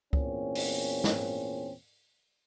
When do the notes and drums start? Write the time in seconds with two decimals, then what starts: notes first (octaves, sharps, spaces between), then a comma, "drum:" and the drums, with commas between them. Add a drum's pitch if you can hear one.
0.13 E2 A#2 C4 C#4, drum: kick C#2
0.55 drum: open hi-hat
1.04 drum: snare